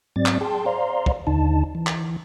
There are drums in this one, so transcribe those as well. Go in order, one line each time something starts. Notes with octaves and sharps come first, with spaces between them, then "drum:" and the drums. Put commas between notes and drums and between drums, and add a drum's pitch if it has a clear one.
G#2 F#3 C4 D5 A6
drum: clap
G#4 G5 A5 C6
C5 D5 F5 A#5 C6
drum: kick
D#2 D3 D#4 A5
E3
drum: clap